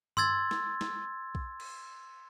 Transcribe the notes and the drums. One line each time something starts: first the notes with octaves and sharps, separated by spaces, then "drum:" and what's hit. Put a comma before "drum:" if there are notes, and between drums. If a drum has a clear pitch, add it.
C6 E6 G#6 A6, drum: tom G2
drum: snare
drum: snare
drum: kick B1
drum: cymbal